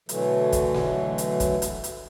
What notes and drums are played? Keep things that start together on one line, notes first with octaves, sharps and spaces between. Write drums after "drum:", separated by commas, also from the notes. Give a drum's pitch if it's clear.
B2 D3 E3 F#3 A3, drum: hi-hat
drum: kick, hi-hat
drum: snare A3
drum: hi-hat
drum: kick, hi-hat
drum: hi-hat
drum: hi-hat